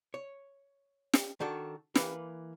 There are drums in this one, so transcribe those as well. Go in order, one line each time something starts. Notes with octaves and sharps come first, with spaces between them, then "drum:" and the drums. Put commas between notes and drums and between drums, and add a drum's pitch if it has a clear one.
C#5
drum: snare
D#3 D4 F#4 A4
E3 A#3 B4, drum: snare